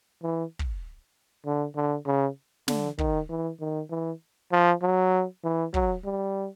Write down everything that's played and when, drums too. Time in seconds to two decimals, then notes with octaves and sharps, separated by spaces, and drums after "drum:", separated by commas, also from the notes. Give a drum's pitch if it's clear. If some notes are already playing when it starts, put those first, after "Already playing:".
0.23 E3
0.59 drum: kick
1.46 D3
1.76 D3
2.07 C#3
2.68 D3, drum: snare
2.98 D#3, drum: kick
3.30 E3
3.60 D#3
3.90 E3
4.52 F3
4.82 F#3
5.44 E3
5.74 F#3, drum: kick
6.05 G3